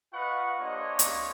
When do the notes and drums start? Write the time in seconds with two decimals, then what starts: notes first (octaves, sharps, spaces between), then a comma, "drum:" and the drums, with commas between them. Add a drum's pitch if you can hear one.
0.13 F4 B4 D#5 F5 F#5 C#6
0.60 A#3 D4 G4 C5 C#5 D#5
0.99 drum: hi-hat